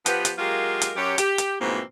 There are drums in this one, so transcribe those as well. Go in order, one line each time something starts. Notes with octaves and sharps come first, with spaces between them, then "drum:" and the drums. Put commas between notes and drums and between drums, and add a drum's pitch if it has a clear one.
F3 B3 G4, drum: hi-hat
drum: hi-hat
F#3 G#3 A#3 F4 G4 A#4
drum: hi-hat
F#2 G4 C#5
G4, drum: hi-hat
drum: hi-hat
G#2 B2 E3 F3 A#3 C4